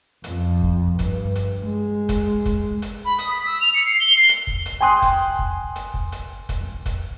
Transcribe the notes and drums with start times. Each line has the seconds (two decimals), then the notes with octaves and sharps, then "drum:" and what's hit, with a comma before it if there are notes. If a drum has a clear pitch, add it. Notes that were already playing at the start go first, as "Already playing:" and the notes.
0.24 F2, drum: hi-hat
0.62 drum: kick
0.99 G2, drum: kick, hi-hat
1.35 drum: hi-hat
1.63 G#3
2.09 drum: kick, hi-hat
2.45 drum: kick, hi-hat
2.82 drum: hi-hat
3.05 B5
3.18 D#6, drum: hi-hat
3.31 B6
3.46 E6
3.61 F7
3.74 C#7
3.86 C7
4.00 G7
4.16 C7
4.29 drum: hi-hat
4.47 drum: kick
4.66 drum: hi-hat
4.81 G5 G#5 C6 D#6 F#6
5.02 drum: kick, hi-hat
5.39 drum: kick
5.76 drum: hi-hat
5.94 drum: kick
6.12 drum: hi-hat
6.49 drum: kick, hi-hat
6.86 drum: kick, hi-hat